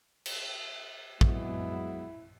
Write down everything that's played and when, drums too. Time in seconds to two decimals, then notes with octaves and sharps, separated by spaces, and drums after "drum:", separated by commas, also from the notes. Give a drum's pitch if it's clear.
0.26 drum: cymbal
1.21 F#3 G#3 B3 E4, drum: kick